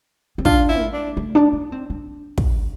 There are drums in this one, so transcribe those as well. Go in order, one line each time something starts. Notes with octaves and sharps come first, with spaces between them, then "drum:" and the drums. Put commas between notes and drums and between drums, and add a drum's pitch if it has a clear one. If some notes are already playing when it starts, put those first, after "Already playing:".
C4
D4 F4, drum: kick
E4
G#3
D4
A3
D4
D4
C4
D4
drum: kick